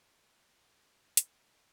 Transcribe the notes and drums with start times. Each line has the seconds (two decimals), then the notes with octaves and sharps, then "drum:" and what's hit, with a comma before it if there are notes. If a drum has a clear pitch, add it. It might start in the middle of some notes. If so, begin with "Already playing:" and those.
0.05 E5 G5 G#5
1.17 drum: hi-hat